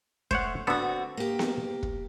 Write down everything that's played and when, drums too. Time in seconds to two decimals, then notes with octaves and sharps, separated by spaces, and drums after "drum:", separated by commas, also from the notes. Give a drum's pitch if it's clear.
0.31 A3 C5 C#5 F#5, drum: kick
0.67 D3 B3 C4 F#4 A4
1.17 A#3 G4
1.39 drum: snare B3
1.83 drum: kick